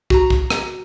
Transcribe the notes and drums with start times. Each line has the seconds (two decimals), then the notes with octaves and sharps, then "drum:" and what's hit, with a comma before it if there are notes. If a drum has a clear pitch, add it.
0.10 F#4 A#5, drum: kick
0.30 drum: kick
0.50 drum: rim click